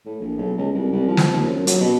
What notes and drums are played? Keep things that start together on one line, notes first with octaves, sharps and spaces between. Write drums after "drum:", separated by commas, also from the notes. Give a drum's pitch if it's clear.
A2
A#1
B1
C#2
C2
C2
F3
drum: snare
D#2
F#2
F#3, drum: hi-hat
B2